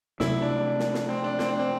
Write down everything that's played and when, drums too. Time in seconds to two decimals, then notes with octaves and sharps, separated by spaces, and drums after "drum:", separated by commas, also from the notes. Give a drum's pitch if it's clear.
0.20 C3 F#3 A3 E4, drum: snare
0.42 D4
0.79 drum: snare
0.94 drum: snare
1.09 C4
1.24 D4
1.39 C4, drum: snare
1.48 D4
1.59 C4